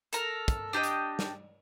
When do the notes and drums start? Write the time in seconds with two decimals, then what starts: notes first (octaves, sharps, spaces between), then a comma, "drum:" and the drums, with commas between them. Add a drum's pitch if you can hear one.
0.13 A4 A#4, drum: hi-hat
0.48 drum: kick, hi-hat
0.73 D4 G4 A4 D#5
0.83 drum: hi-hat
1.19 drum: snare